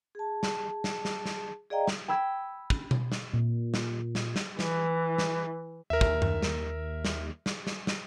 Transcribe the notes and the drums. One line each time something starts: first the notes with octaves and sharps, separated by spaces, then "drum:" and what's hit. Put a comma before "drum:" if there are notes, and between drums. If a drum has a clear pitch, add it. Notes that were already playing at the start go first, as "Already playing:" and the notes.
G#4 A5
drum: snare
drum: snare
drum: snare
drum: snare
G#4 D5 D#5 F5 G5 A#5
drum: snare
G5 B5 E6 G#6
drum: kick
drum: tom B2
drum: snare
A#2
drum: snare
drum: snare
drum: snare
E3, drum: snare
drum: snare
D#2 A#4 E5
drum: kick
drum: tom F#2
drum: snare
drum: snare
drum: snare
drum: snare
drum: snare